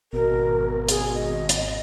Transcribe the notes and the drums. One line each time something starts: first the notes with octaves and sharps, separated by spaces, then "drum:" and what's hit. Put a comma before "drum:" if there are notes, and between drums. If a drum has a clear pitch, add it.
G#1 B2 A#4
G#4, drum: hi-hat
D#5
drum: hi-hat